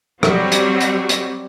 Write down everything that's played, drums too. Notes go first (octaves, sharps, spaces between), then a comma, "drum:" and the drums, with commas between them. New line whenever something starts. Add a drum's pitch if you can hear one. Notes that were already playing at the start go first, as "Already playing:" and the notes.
F#3 G3 C4 F#4, drum: rim click
drum: hi-hat
drum: hi-hat
drum: hi-hat